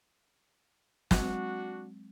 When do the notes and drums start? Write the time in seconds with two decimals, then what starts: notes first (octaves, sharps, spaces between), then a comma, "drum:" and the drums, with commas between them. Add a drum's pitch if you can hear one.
1.11 F#3 G#3 C4 D4 F#4, drum: snare